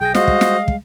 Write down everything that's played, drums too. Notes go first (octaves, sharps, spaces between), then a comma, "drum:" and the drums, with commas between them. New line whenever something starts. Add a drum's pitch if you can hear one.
B1 G#4 G5 G6 A#6
G3 G#3 F#4 C5 D#5 F5, drum: snare
drum: kick
drum: snare
drum: kick